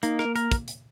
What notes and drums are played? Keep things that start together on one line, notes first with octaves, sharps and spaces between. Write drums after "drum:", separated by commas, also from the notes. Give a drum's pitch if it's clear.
A#3 D#4, drum: hi-hat
A#4, drum: rim click
A#3
A#4, drum: hi-hat
drum: kick, hi-hat
drum: hi-hat